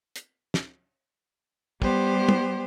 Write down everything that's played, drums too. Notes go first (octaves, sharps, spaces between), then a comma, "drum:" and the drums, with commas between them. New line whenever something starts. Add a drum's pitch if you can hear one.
drum: hi-hat
drum: snare
G3 B3 G4 C5, drum: kick
drum: tom